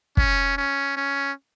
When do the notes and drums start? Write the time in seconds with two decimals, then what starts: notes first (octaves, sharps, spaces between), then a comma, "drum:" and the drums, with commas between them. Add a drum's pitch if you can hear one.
0.17 C#4, drum: kick
0.57 C#4
0.96 C#4